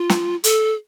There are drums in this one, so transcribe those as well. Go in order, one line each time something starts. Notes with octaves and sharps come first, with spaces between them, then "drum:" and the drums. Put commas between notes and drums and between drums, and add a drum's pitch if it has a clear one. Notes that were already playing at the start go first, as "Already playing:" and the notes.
Already playing: F4
drum: snare
A4, drum: hi-hat